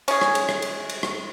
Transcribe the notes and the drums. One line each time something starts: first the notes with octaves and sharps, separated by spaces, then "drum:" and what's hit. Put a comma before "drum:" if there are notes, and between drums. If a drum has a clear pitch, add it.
C#4 G#4, drum: cymbal
drum: rim click
drum: cymbal
drum: rim click
drum: cymbal
drum: cymbal
drum: rim click